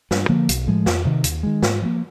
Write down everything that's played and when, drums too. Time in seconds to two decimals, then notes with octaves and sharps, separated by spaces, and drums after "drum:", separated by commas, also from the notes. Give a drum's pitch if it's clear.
0.11 G2, drum: snare
0.29 D3 F3 A#3
0.49 B1, drum: hi-hat
0.67 A2 F3 G#3
0.86 F2, drum: snare
1.05 C3 D#3
1.24 D#2, drum: hi-hat
1.43 D#3 G#3
1.63 G#2, drum: snare
1.82 F3 A#3